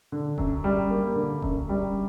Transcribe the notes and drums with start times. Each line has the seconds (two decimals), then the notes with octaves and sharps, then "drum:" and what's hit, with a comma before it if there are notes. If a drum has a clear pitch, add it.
0.12 D3
0.38 F#2, drum: kick D#1
0.64 G3
0.90 A#3
1.15 D3
1.42 F#2, drum: kick D#1
1.69 G3